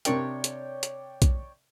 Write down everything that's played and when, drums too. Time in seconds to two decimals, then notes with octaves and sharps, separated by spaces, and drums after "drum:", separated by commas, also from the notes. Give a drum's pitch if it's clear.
0.05 C3 D4 A#4 C#5 D5 G5, drum: hi-hat
0.44 drum: hi-hat
0.83 drum: hi-hat
1.22 drum: kick B1, hi-hat